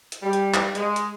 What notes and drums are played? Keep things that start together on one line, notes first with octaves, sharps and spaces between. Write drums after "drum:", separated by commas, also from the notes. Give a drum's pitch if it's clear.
drum: hi-hat
G3
drum: hi-hat
drum: clap
G#3, drum: hi-hat
drum: hi-hat